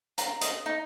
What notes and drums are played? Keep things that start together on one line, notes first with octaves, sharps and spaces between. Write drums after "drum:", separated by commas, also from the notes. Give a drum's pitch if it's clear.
A#5, drum: hi-hat
D#5, drum: hi-hat
D#4